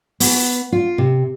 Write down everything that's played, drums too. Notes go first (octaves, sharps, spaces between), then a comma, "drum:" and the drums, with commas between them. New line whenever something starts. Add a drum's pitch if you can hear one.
B3, drum: open hi-hat
F4
C3